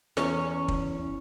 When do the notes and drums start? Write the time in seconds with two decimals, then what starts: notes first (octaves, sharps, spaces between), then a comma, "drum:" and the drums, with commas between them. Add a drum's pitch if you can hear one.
0.17 E2 C#4 C#5, drum: snare
0.68 drum: kick